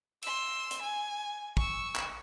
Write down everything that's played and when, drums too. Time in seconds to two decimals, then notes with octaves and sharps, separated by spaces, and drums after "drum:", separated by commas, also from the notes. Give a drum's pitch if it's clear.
0.22 C6 E6, drum: cymbal
0.71 drum: hi-hat
0.82 G#5
1.57 C#6 E6, drum: kick
1.95 drum: clap